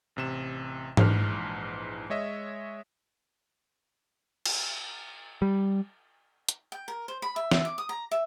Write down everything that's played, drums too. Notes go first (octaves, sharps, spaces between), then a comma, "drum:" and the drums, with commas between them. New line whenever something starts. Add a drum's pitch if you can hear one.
A1 C3 E7
A#1 G#2 E3 A5 F6, drum: tom G#2
G#3 C#5 D#5 E5
drum: cymbal
G3
drum: hi-hat
G5
A#4
C5
B5
E5
E5, drum: snare
D6
D#6
A#5
E5